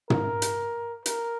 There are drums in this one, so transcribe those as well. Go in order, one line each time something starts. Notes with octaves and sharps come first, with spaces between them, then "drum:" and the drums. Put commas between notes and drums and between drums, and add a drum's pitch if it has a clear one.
A#4, drum: tom
drum: hi-hat
A#4, drum: hi-hat